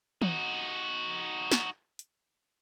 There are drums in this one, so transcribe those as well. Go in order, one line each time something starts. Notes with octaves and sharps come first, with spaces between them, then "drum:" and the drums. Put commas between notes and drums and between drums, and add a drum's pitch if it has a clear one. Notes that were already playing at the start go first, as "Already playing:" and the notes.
D#4 F#4, drum: tom
drum: snare
drum: hi-hat